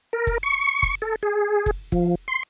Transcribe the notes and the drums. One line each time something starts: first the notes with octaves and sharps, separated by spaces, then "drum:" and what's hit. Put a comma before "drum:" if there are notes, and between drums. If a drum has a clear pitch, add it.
A#4
drum: kick F#1
C#6
drum: kick F#1
A4
G#4
drum: kick F#1
F3, drum: kick F#1
C6